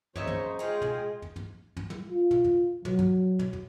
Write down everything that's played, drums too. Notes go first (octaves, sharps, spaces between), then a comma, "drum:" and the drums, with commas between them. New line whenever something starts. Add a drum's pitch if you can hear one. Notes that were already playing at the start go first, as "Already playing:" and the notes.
F#2 C#3 D#4 C5 C#5 D#5 E5, drum: tom
drum: tom
G#3 F4 G#4 F5 G5 G#5
drum: tom
drum: tom
drum: tom
drum: tom
drum: tom
F4
drum: tom
drum: tom
F#3, drum: tom
drum: tom
drum: tom
drum: tom